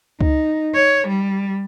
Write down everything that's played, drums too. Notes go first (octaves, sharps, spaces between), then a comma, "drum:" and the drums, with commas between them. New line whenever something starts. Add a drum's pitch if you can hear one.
D#4, drum: kick C#2
C#5
G3